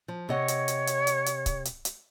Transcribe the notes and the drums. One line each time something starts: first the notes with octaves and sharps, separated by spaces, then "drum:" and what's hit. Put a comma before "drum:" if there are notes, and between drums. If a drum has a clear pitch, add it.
F3
C3 C#5 D#5 F#5
drum: hi-hat
drum: hi-hat
drum: hi-hat
drum: hi-hat
drum: hi-hat
drum: kick C#1, hi-hat
drum: hi-hat
drum: hi-hat